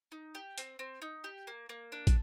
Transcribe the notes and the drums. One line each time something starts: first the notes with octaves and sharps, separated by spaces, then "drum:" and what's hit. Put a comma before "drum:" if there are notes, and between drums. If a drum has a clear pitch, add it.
D#4
G4
C4, drum: hi-hat
C4
D#4
G4
A#3
A#3
D4
drum: kick, hi-hat